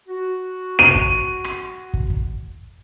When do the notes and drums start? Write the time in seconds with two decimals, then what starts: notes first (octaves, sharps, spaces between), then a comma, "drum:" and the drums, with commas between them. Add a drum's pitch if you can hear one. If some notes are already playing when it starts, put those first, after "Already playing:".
0.08 F#4
0.79 D#7
0.95 drum: kick
1.44 drum: rim click
1.94 drum: kick
2.10 drum: kick